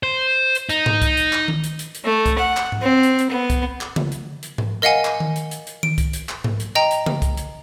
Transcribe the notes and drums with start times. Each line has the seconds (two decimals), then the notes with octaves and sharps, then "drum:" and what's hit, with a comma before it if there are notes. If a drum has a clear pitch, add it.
0.03 C5
0.55 drum: hi-hat
0.69 D#4, drum: hi-hat
0.86 drum: tom G#2
1.02 drum: kick C2, hi-hat
1.17 drum: hi-hat
1.33 drum: clap
1.48 drum: tom D#3
1.64 drum: hi-hat
1.79 drum: hi-hat
1.95 drum: hi-hat
2.04 A3
2.26 drum: kick C2, hi-hat
2.38 F#5
2.57 drum: clap
2.72 drum: tom G#2
2.82 C4
3.03 drum: hi-hat
3.19 drum: hi-hat
3.30 B3
3.50 drum: kick C2, hi-hat
3.81 drum: clap
3.96 drum: tom C#3
4.12 drum: hi-hat
4.43 drum: hi-hat
4.58 drum: tom G#2
4.82 A#4 D#5 F5 F#5 G#5
5.05 drum: clap
5.20 drum: tom D#3
5.36 drum: hi-hat
5.51 drum: hi-hat
5.67 drum: hi-hat
5.83 D7, drum: tom D#3
5.98 drum: kick C2, hi-hat
6.13 drum: hi-hat
6.29 drum: clap
6.44 drum: tom G#2
6.60 drum: hi-hat
6.75 D#5 G5 A#5
6.91 drum: hi-hat
7.06 drum: tom C#3
7.22 drum: kick C2, hi-hat
7.37 drum: hi-hat